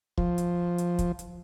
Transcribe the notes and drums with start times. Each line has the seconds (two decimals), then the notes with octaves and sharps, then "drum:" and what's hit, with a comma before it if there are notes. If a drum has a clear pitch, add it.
0.18 F3, drum: kick
0.38 drum: hi-hat
0.78 drum: hi-hat
0.99 drum: kick, hi-hat
1.19 drum: hi-hat